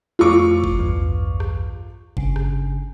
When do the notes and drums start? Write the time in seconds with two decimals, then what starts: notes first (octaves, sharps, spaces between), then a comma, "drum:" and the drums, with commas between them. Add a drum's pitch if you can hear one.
0.19 F2 A3 F4 C#6 D6
0.64 drum: kick F#1
0.78 A#1 E2 G2
1.40 drum: rim click
2.17 G1 C#3, drum: kick F#1
2.36 drum: rim click